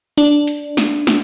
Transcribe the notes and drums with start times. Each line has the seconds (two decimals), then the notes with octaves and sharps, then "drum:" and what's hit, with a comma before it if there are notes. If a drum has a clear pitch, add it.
0.18 D4, drum: hi-hat
0.47 drum: hi-hat
0.77 drum: snare
1.07 drum: snare